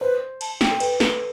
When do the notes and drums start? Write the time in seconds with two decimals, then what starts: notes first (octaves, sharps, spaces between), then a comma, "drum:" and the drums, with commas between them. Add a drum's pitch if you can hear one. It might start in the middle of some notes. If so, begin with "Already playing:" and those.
0.01 B4 C5
0.41 A5, drum: cymbal
0.61 G5, drum: snare
0.71 A4
0.80 B4, drum: cymbal
1.00 A4, drum: snare